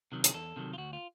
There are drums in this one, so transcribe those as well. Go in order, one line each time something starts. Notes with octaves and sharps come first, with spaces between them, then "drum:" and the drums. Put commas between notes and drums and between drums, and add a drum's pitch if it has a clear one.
C3 D#3 F#3
G#4, drum: hi-hat
E2 A4
C3 D#3 F#3
F4
D2 F#4
F4